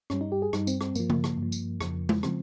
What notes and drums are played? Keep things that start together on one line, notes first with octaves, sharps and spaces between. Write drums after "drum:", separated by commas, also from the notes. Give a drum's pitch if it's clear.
G2 G3 C#4, drum: rim click
D#4
G4
G#4
G2 G3 D#4, drum: rim click
C4, drum: tambourine
C4, drum: rim click
G2 F3 A#3, drum: tambourine
drum: tom
drum: rim click
G2 F3
drum: tambourine
F2 C#3 F3, drum: rim click
drum: tom G#3
C#3 F3 C4, drum: rim click